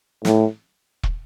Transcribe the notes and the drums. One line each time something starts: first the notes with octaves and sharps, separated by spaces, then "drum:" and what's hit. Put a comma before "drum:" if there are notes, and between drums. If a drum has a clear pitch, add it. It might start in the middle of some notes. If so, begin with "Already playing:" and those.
A2, drum: snare
drum: kick